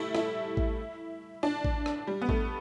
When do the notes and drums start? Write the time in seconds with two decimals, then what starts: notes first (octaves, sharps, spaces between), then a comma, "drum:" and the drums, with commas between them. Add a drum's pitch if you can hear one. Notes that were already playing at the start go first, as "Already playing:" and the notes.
Already playing: G3 A3 E4
0.15 E4, drum: rim click
0.57 drum: kick A1
1.43 D4
1.64 drum: kick A1
1.86 drum: rim click
2.07 G3
2.22 B3
2.29 A3, drum: kick A1